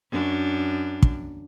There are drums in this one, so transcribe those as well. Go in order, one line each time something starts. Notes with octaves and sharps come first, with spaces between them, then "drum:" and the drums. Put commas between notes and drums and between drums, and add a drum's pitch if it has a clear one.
F#2 D4
drum: kick